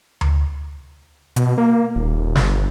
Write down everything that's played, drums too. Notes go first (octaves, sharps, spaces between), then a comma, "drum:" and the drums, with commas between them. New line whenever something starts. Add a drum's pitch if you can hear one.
drum: tom D2
B2, drum: hi-hat
A#3
D#1
G1, drum: snare